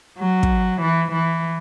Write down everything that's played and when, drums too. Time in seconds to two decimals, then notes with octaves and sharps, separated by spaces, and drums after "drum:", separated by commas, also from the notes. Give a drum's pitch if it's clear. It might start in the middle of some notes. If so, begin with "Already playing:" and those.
0.18 F#3
0.43 drum: kick
0.82 E3
1.12 E3